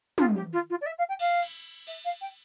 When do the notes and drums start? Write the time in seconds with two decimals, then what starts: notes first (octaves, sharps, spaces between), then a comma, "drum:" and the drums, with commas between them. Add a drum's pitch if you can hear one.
0.18 F4, drum: tom
0.35 G4
0.52 F4
0.70 F4
0.81 D5
0.85 E5
0.98 F5
1.08 G5
1.19 F5, drum: cymbal
1.42 drum: cymbal
1.87 E5, drum: cymbal
2.04 F5
2.21 G5